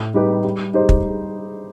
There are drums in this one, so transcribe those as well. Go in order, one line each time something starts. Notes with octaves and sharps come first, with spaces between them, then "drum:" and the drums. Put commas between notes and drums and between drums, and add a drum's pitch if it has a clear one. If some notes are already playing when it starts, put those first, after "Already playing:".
Already playing: A2
G3 D#4 G4 B4
G3
D#4 G4 C5 D#5
drum: kick